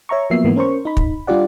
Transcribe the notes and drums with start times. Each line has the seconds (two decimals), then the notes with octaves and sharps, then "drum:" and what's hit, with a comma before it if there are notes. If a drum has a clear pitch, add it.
0.09 C#5 E5 A#5 C#6
0.30 F3 F#3 A#3 B3 E5 C7
0.44 G#2 E3 F#3 A#3 B3
0.56 C#4 A#4 C5 C#6
0.85 D#4 B5
0.97 drum: kick
1.27 G3 D4 F4 G4 D5 F#5